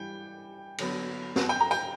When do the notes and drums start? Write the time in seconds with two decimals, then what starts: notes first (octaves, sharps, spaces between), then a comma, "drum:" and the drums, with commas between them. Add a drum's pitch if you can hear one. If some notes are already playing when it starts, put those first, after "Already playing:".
Already playing: E3 G3 G5
0.78 D3 F#3 B3, drum: cymbal
1.36 drum: snare
1.49 G5
1.60 A#5
1.71 G5, drum: tambourine